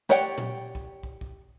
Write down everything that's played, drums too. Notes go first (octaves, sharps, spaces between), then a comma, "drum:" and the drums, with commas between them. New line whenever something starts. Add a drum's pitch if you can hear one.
G4 C#5 D5 F#5 G5, drum: snare
drum: tom A#2
drum: kick
drum: kick
drum: kick